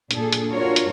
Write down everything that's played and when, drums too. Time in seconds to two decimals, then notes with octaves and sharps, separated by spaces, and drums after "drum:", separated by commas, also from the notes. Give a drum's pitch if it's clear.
0.11 A#2 D4 G#4 A4, drum: hi-hat
0.33 drum: hi-hat
0.50 D4 F4 F#4 A#4 C#5
0.76 drum: hi-hat